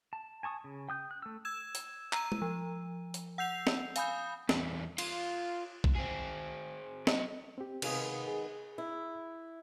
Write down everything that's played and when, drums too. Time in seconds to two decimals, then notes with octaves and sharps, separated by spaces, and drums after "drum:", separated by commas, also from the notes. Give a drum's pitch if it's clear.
0.13 A5
0.43 G#5 A5 C#6 D#6
0.64 C#3
0.89 G5 D#6 G6
1.11 F#6
1.22 A3 E6
1.45 E6 G#6 E7
1.75 drum: hi-hat
2.13 A#5 E6 D#7, drum: clap
2.32 drum: tom
2.42 F3
3.14 drum: hi-hat
3.38 F#5 E6 G6 C7 F7
3.67 drum: snare
3.96 F5 G#5 B5 D#6 G6, drum: hi-hat
4.49 E2 G3, drum: snare
4.98 F4, drum: cymbal
5.84 drum: kick B1
5.95 C4 G#4
7.07 F#3 D#5, drum: snare
7.58 C4 G4
7.82 C3 D#3 G#3 B3 F5 D#6, drum: cymbal
8.28 G#4
8.78 E4